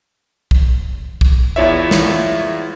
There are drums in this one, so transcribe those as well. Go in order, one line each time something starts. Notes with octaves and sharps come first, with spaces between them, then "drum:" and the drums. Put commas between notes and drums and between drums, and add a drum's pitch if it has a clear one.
drum: kick B1
drum: kick B1
E2 E4 F4 C#5 D5 E5
drum: snare